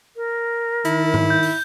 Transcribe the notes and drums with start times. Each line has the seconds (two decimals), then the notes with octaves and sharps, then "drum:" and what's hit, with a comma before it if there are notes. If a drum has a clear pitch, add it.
0.16 A#4
0.85 D#3 E4, drum: hi-hat
1.14 drum: tom G#2
1.30 G6
1.43 drum: open hi-hat